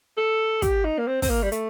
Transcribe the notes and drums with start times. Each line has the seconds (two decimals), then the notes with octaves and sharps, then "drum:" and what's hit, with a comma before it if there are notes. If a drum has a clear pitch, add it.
0.17 A4
0.62 G4, drum: kick, hi-hat
0.84 D#4
0.99 A#3
1.07 C4
1.22 C4, drum: kick, open hi-hat
1.29 A#3
1.43 G3
1.52 A3, drum: hi-hat